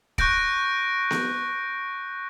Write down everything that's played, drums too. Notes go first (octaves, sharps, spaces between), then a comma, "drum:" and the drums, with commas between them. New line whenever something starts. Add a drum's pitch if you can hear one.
C#6 F#6 G6 A#6 D7, drum: kick
drum: snare B3